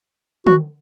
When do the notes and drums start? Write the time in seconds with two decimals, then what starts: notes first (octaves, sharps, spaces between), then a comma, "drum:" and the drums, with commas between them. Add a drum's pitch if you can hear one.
0.47 F#4, drum: tom